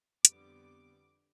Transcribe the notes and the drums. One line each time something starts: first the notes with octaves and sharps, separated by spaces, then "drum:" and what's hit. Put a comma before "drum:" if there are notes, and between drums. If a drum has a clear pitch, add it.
F2 D3 G3 B3 D6, drum: hi-hat